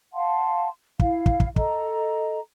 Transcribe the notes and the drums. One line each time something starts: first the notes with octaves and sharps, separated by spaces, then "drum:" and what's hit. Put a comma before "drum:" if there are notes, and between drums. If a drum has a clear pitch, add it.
F5 F#5 A5 C6
E4 F5, drum: kick
drum: kick
drum: kick
A4 D#5 A#5, drum: kick